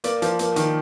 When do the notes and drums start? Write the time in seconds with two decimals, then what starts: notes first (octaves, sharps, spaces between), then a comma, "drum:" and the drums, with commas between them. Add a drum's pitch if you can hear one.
0.04 A#3 D5, drum: hi-hat
0.22 F3, drum: hi-hat
0.39 A#3, drum: hi-hat
0.56 D#3, drum: hi-hat